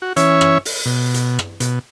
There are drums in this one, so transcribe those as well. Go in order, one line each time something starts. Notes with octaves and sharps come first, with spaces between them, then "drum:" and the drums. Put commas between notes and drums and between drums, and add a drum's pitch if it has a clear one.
F#4
E3 C#4 C#5 E5, drum: hi-hat
drum: rim click
drum: open hi-hat
B2
drum: hi-hat
drum: rim click
B2, drum: hi-hat